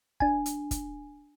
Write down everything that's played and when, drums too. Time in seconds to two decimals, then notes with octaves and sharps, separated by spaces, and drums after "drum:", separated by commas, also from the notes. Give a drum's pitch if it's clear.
0.20 D4 G#5, drum: kick
0.46 drum: hi-hat
0.71 drum: kick, hi-hat